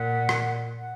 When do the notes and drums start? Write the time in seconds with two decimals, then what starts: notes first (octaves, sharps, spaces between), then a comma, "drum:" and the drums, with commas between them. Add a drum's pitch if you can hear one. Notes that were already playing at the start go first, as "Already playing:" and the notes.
Already playing: A#2 F#5
0.29 drum: rim click
0.80 F#5